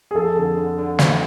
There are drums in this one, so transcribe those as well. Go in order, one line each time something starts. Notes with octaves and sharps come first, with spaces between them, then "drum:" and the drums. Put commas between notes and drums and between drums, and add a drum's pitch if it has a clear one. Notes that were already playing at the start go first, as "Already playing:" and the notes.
G#4
F2 A4
D3
D3
D3
C4, drum: snare